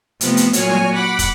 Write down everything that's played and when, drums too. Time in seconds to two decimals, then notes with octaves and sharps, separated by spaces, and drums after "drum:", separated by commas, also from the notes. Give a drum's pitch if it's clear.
0.21 C3 F3 A3 B3 C5, drum: hi-hat
0.37 drum: hi-hat
0.53 A#2 F#3 F#4 C#5 G#5 F6, drum: hi-hat
0.70 drum: snare
0.94 F#5 B5 D6
1.19 drum: kick, hi-hat